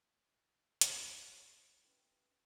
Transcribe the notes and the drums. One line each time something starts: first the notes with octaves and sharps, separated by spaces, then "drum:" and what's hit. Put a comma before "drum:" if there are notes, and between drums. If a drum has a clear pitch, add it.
drum: hi-hat
C4 C#4 E4 F#4 A4 B4